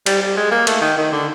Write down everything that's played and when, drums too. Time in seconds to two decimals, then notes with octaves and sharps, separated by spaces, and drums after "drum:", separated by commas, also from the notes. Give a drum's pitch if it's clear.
0.06 G3, drum: cymbal
0.21 G3
0.36 G#3
0.51 A#3
0.67 A3, drum: cymbal
0.81 D#3
0.97 D#3
1.12 D3